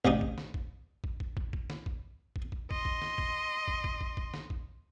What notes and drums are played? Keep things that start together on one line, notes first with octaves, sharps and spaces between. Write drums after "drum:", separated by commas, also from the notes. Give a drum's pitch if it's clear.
A1 C3 D4 D#4, drum: kick
drum: kick
drum: snare
drum: kick
drum: kick
drum: kick
drum: kick
drum: kick
drum: snare
drum: kick
drum: kick
drum: kick
D#5 C6, drum: kick
drum: kick
drum: snare
drum: kick
drum: kick
drum: kick
drum: kick
drum: kick
drum: snare
drum: kick